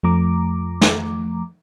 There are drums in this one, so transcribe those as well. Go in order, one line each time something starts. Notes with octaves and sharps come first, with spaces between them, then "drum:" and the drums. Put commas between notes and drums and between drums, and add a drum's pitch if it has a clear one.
F2 F3 A3 A#5 D6
drum: snare